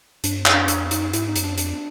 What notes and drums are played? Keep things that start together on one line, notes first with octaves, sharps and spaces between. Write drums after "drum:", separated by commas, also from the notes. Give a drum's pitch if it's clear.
G2 D4, drum: hi-hat
F#2, drum: clap
D4
C#4
F2 D4, drum: hi-hat
F#2 D#4, drum: hi-hat
G#2 E4, drum: hi-hat
D#4
F#2, drum: hi-hat
D4
F2 D4, drum: hi-hat